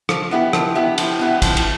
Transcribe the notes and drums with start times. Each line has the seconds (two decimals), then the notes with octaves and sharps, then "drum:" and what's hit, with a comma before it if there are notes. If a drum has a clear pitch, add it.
0.09 F3, drum: rim click
0.31 B3 E4 G4
0.53 F3, drum: rim click
0.75 B3 E4 G4
0.98 F3, drum: cymbal
1.19 B3 E4 G4
1.42 F3, drum: kick, cymbal
1.57 drum: cymbal